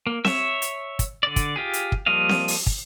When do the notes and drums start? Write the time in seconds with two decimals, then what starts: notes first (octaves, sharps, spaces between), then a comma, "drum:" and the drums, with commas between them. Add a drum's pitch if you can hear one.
0.07 A#3
0.25 C#5 E5, drum: snare C4
0.62 drum: hi-hat
0.99 drum: kick, hi-hat
1.23 D3 D5
1.36 drum: kick, hi-hat
1.56 F4 G4 G#4
1.73 drum: hi-hat
1.92 drum: kick
2.06 F3 G3 A#3 D#5 F5
2.29 drum: snare C4
2.48 drum: open hi-hat
2.67 drum: kick